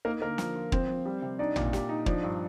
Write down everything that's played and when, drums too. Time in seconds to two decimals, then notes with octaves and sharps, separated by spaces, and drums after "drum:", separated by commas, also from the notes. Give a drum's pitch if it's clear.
0.05 A#3 D#4 A#4
0.22 D3 A#3 A#4
0.38 F3, drum: snare
0.56 F4
0.72 F3 C4 C5, drum: kick
0.89 F3
1.06 G3
1.22 C3
1.39 D4 D#4 D5
1.56 A#2, drum: tom
1.73 G4, drum: snare
1.89 D#4
2.06 F3 D4 D5, drum: kick
2.23 G2